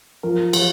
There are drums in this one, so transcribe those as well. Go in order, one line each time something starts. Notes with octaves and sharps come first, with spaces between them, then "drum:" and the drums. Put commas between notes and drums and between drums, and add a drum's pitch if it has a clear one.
F3 A#4
F3, drum: cymbal